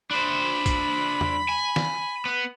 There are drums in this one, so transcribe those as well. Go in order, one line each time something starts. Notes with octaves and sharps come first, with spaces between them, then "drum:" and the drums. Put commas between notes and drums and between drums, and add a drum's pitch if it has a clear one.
D4 C5 B5
drum: kick, hi-hat
drum: tom E2
G#5
drum: snare
B3